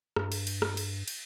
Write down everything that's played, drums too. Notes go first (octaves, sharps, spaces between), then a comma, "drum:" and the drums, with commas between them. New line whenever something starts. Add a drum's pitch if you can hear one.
G2, drum: rim click
drum: cymbal
drum: cymbal
drum: rim click
drum: cymbal
drum: cymbal